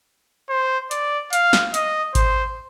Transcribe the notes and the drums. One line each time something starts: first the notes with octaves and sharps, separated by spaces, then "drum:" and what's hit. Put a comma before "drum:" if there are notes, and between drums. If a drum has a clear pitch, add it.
C5
D5, drum: hi-hat
F5, drum: hi-hat
drum: snare
D#5, drum: hi-hat
C5, drum: kick G#1, hi-hat